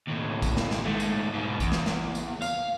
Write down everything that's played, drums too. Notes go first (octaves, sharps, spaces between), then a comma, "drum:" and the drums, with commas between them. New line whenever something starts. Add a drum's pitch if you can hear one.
D#2 A2
drum: kick A1, tambourine
drum: snare
drum: snare
G#2 A3
drum: tambourine
G#2 B2
E2, drum: kick A1, tambourine
drum: snare
drum: snare
drum: tambourine
F5, drum: tambourine